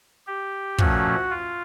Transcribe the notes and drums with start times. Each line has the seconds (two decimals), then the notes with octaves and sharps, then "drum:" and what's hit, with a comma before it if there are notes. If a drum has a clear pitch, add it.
0.27 G4
0.78 A#2 F3 A3 C#4 F#4, drum: kick
1.30 F4